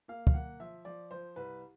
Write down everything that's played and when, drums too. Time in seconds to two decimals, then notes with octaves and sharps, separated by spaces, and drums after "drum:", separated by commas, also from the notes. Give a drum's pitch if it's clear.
0.08 A#3 F5
0.27 F5, drum: kick
0.34 A#3 F#5
0.60 F3 E5
0.85 F3 D5
1.11 F3 C5
1.36 C2 B4